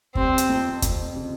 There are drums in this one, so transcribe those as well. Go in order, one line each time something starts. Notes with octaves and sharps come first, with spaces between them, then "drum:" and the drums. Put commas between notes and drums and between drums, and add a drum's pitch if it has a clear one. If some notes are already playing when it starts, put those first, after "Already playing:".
G3 C4, drum: kick
drum: hi-hat
F2
F2, drum: kick, hi-hat
C#3